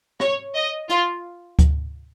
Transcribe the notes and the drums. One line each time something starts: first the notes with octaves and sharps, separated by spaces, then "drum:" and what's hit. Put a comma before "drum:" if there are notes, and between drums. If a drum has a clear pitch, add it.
C#5, drum: rim click
D#5
F4, drum: hi-hat
drum: kick D2, hi-hat